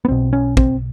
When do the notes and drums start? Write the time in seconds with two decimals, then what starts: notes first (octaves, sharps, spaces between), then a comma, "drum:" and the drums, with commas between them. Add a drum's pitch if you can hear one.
0.05 B3
0.08 B1 B2 C4
0.33 C#4
0.57 C4, drum: kick